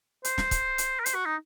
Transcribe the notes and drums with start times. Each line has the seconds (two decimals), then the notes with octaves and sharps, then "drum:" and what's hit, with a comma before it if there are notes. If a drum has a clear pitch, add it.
0.25 C5, drum: hi-hat
0.38 drum: snare
0.51 drum: kick, hi-hat
0.78 drum: hi-hat
1.00 A#4
1.06 C5, drum: hi-hat
1.15 F#4
1.26 D#4